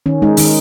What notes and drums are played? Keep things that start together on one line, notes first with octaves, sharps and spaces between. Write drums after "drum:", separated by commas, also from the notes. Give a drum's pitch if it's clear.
D#3 C#4
G#3 D#4
D#3 D#4, drum: open hi-hat